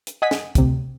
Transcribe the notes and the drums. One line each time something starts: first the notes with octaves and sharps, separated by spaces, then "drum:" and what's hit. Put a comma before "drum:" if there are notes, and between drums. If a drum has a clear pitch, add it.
drum: hi-hat
D#5 F#5 G#5 D#6 G#6 B6
drum: snare
D2 C3, drum: kick, hi-hat